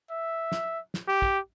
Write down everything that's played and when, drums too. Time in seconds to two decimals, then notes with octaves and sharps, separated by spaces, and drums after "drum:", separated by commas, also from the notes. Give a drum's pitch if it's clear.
0.11 E5
0.52 drum: snare
0.94 drum: snare
1.08 G4
1.22 drum: kick